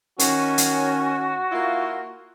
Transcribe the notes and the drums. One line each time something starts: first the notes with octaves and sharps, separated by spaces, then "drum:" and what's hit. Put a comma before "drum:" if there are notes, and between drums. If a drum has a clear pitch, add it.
D#3 C#4 F#4, drum: hi-hat
drum: hi-hat
A#3 E4 F4